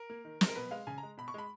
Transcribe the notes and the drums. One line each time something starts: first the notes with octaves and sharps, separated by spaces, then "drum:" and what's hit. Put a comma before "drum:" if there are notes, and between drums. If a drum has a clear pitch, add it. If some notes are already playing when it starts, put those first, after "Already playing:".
Already playing: A#4
A#3
D#3
G#3, drum: snare
A#4
B2 B4
G#3 F5
C#3 G#5
A#5
G#3
B2 B5
C#6
G#3 B5